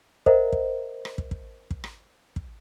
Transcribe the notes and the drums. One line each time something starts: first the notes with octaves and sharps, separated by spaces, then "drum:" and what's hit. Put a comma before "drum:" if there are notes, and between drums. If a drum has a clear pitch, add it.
A#4 C5 D#5 E5 F#5 A#5, drum: kick
drum: kick
drum: rim click
drum: kick
drum: kick
drum: kick
drum: rim click
drum: kick